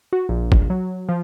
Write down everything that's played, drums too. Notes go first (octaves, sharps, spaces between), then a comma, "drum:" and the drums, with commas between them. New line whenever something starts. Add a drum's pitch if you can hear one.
F#4
A#1
drum: kick
F#3
F3